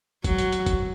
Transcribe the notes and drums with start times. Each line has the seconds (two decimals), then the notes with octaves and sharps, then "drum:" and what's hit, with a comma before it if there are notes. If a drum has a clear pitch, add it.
0.24 F#3, drum: kick, hi-hat
0.38 drum: hi-hat
0.52 drum: hi-hat
0.66 drum: kick, hi-hat